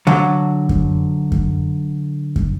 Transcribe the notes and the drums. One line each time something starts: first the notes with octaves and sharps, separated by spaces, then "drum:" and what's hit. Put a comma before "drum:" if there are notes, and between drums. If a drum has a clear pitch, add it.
D3 F#3
drum: kick F#2
drum: kick F#2
drum: kick F#2